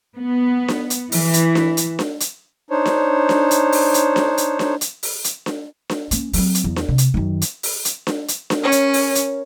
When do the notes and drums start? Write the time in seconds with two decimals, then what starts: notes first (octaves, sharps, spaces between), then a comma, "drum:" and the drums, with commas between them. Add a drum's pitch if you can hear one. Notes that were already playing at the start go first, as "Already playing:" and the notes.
0.17 B3
0.68 drum: snare D4
0.90 drum: hi-hat
1.12 E3, drum: open hi-hat
1.34 drum: hi-hat
1.55 drum: snare D4
1.77 drum: hi-hat
1.99 drum: snare D4
2.20 drum: hi-hat
2.70 D4 D#4 C5 C#5
2.86 drum: snare D4
3.29 drum: snare D4
3.51 drum: hi-hat
3.72 drum: open hi-hat
3.94 drum: hi-hat
4.16 drum: snare D4
4.38 drum: hi-hat
4.59 drum: snare D4
4.81 drum: hi-hat
5.03 drum: open hi-hat
5.24 drum: hi-hat
5.46 drum: snare D4
5.90 drum: snare D4
6.11 A#3 C#4, drum: hi-hat
6.33 F#3 C4, drum: open hi-hat
6.55 drum: hi-hat
6.64 E2
6.76 drum: snare D4
6.88 C3
6.98 drum: hi-hat
7.14 F#2 D#3
7.41 drum: hi-hat
7.63 drum: open hi-hat
7.85 drum: hi-hat
8.07 drum: snare D4
8.28 drum: hi-hat
8.50 drum: snare D4
8.62 C#4 A#4 C#5
8.72 drum: hi-hat
8.93 drum: open hi-hat
9.15 drum: hi-hat